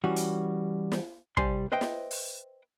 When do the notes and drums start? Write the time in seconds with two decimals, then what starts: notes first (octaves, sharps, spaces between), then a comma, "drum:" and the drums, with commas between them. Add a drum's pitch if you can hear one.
0.04 E3 G3 C#4 F#4
0.16 drum: hi-hat
0.92 drum: snare
1.37 C2 G3 C5 D5 G#5 C6, drum: kick
1.72 B4 C5 D#5 E5 G5
1.81 drum: snare
2.11 drum: open hi-hat